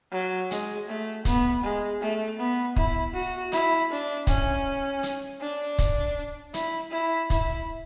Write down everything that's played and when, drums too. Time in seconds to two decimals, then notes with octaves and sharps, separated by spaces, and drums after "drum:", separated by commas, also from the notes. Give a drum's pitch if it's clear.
0.12 F#3
0.51 G#3, drum: hi-hat
0.89 A3
1.25 B3, drum: kick, hi-hat
1.63 G#3
2.01 A3
2.38 B3
2.76 E4, drum: kick
3.14 F#4
3.52 E4, drum: hi-hat
3.90 D4
4.27 C#4, drum: kick, hi-hat
5.03 drum: hi-hat
5.41 D4
5.79 drum: kick, hi-hat
6.54 E4, drum: hi-hat
6.91 E4
7.30 E4, drum: kick, hi-hat